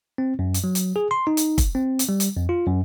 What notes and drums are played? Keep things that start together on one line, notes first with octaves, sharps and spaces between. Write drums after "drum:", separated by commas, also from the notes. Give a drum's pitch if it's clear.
C4
F#2
drum: hi-hat
F#3
drum: hi-hat
G#4
C6
D#4
drum: hi-hat
drum: kick, hi-hat
C4
drum: hi-hat
G3
drum: hi-hat
F2
F4
F#2